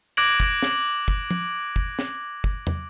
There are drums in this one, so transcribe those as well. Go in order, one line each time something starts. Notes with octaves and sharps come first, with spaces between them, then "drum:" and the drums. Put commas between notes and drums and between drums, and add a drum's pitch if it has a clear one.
D6 F#6 G#6 A#6 D7 F#7
drum: kick
drum: snare
drum: kick
drum: tom
drum: kick
drum: snare
drum: kick
drum: tom